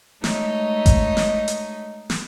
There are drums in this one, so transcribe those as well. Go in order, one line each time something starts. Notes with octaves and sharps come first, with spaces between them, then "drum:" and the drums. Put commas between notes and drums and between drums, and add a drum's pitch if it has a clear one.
G#3 A3 D#4 C#5 D#5, drum: snare
drum: kick G#1, hi-hat
drum: snare
drum: hi-hat
drum: snare